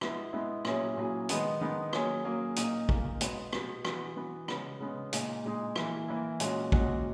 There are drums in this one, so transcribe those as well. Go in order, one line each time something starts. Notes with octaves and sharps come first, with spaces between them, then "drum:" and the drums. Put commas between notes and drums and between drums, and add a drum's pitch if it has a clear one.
G#3 B3 E4, drum: rim click
G#3 B3 E4
A#2 F#3 C#4 E4 G#4, drum: rim click
A#2 F#3 C#4 E4 G#4
D#3 G#3 B3 D#4, drum: hi-hat
D#3 G#3 B3 D#4
F#3 A#3 C#4 G#4, drum: rim click
F#3 A#3 C#4 G#4
A#2 A#3 D#4 G#4, drum: hi-hat
A#2 A#3 D#4 G#4, drum: kick
B2 G#3 B3, drum: hi-hat
B2 G#3 B3, drum: rim click
E3 B3 F#4, drum: rim click
E3 B3 F#4
C#3 G#3 B3, drum: rim click
C#3 G#3 B3
A#2 G#3 D#4 G#4, drum: hi-hat
A#2 G#3 D#4 G#4
E3 A#3 E4, drum: rim click
E3 A#3 E4
A#2 G#3 C#4 F#4, drum: hi-hat
A#2 G#3 C#4 F#4, drum: kick